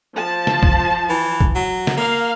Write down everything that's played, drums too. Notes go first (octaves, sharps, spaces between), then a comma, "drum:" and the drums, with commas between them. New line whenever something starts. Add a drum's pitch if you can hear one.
F3 A5
drum: snare
drum: kick
E3
drum: kick
F#3
drum: snare
A#3 F5